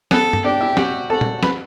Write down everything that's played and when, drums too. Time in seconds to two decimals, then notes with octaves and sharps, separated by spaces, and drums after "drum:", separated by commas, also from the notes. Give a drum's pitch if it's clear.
0.11 B3 A4 B4, drum: snare
0.33 drum: tom G2
0.44 D4 G4 D5
0.61 E4 E5
0.77 F#4 G4 G5, drum: snare
1.10 F#4 A4 A5
1.21 drum: tom A#2
1.43 B4 B5, drum: snare